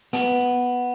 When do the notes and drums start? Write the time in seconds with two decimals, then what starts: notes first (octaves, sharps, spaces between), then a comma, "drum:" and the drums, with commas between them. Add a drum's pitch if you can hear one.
0.13 B3, drum: hi-hat